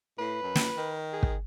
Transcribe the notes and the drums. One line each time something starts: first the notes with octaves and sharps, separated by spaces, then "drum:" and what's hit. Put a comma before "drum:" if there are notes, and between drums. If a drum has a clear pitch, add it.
A2 B4
F#2
drum: snare
D#3
G#4
drum: kick